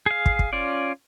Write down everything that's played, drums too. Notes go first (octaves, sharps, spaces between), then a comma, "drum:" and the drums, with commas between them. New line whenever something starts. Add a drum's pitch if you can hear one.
G#4 F5
drum: kick
drum: kick
C#4 F4 D5